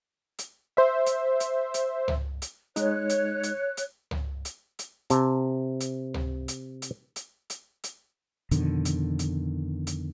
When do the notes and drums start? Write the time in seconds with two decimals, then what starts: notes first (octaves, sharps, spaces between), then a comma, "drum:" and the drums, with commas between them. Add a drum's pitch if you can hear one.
0.39 drum: hi-hat
0.77 C5 E5
1.06 drum: hi-hat
1.40 drum: hi-hat
1.74 drum: hi-hat
2.08 drum: tom C#2
2.42 drum: hi-hat
2.76 G#3 D#4 C#5 F#6, drum: hi-hat
3.09 drum: hi-hat
3.43 drum: hi-hat
3.77 drum: hi-hat
4.11 drum: tom C#2
4.45 drum: hi-hat
4.79 drum: hi-hat
5.10 C3 A5, drum: hi-hat
5.80 drum: hi-hat
6.14 drum: tom C#2
6.48 drum: hi-hat
6.82 drum: hi-hat
7.16 drum: hi-hat
7.50 drum: hi-hat
7.84 drum: hi-hat
8.51 F2 B2 D3 D#3, drum: hi-hat
8.85 drum: hi-hat
9.19 drum: hi-hat
9.87 drum: hi-hat